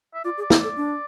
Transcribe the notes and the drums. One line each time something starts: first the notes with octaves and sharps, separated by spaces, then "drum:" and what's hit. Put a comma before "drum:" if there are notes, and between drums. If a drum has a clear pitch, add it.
E5
F4 D5
G#4
D5
G#4, drum: snare
A4 D5
D4